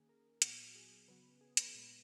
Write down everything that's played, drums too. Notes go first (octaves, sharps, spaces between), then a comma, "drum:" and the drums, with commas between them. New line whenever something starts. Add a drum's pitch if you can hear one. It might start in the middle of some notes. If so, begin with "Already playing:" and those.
Already playing: D#3 A#3 C#4 G#4
A#4
A#2 F#3 B3 F#4, drum: hi-hat
G#4
C#3 F#3 B3 B4
B4
G#4
B4, drum: hi-hat
A#2 G#3 B3 B4